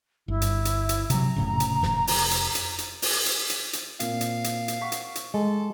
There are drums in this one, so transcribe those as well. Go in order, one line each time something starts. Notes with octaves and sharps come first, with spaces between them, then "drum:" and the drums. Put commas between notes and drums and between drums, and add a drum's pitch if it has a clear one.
G1 E4
drum: hi-hat
drum: hi-hat
drum: hi-hat
C3 F#3 A#5, drum: hi-hat
F1 A2 C#3
drum: hi-hat
F1, drum: snare
drum: open hi-hat
drum: hi-hat
drum: hi-hat
drum: hi-hat
drum: open hi-hat
drum: hi-hat
drum: hi-hat
drum: hi-hat
A#2 C4 F5, drum: hi-hat
drum: hi-hat
drum: hi-hat
drum: hi-hat
F#5 C#6 B6
drum: hi-hat
drum: hi-hat
G#3 A4